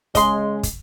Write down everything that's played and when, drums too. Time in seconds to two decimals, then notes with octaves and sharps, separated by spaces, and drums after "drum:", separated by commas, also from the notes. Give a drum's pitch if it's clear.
0.15 C#3 G#3 D#5 C6, drum: kick, hi-hat
0.63 drum: kick, hi-hat